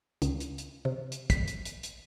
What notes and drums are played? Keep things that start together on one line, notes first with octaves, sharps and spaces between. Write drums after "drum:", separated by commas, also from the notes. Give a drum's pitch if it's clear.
C#2, drum: hi-hat
drum: hi-hat
drum: hi-hat
C3
drum: hi-hat
B6, drum: kick, hi-hat
drum: hi-hat
drum: hi-hat
drum: hi-hat